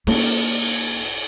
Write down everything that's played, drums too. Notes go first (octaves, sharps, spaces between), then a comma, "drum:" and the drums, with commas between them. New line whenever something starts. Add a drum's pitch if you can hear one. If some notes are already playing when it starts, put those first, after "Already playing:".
A#3 C#4, drum: cymbal